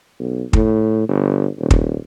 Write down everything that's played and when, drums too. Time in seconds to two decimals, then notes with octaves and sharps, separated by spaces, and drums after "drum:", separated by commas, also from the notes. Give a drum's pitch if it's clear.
0.20 B1
0.53 A2, drum: kick
1.08 G1
1.58 D#1
1.70 drum: kick